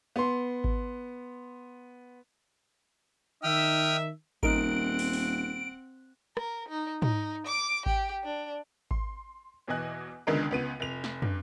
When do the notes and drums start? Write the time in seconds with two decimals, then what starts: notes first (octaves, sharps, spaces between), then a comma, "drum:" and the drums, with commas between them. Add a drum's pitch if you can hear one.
0.16 B3 C6
0.64 drum: kick G#1
3.43 D#3 D#4 E5 G5 D#6 F6
4.43 D#1 C4 D#4 A#4 F#5 D7, drum: kick G#1
4.99 drum: open hi-hat
5.13 drum: open hi-hat
6.37 A#4, drum: rim click
6.69 D#4
7.02 D#4, drum: tom
7.47 D6
7.86 G4, drum: kick G#1
8.23 D4
8.91 C6, drum: kick G#1
9.67 E2 B2 E3 D#5 G#5 F#6
10.27 C#2 D3 D#3 G#3 B3 A#4
10.51 C#2 B3 D#7
10.80 F1 F7
11.04 drum: snare
11.22 G2, drum: tom